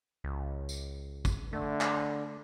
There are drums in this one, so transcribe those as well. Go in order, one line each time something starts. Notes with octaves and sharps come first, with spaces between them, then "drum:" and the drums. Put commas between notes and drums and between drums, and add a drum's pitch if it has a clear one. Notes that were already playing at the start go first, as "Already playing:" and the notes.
C#2
drum: tambourine
drum: kick, tambourine
D3 A3
drum: clap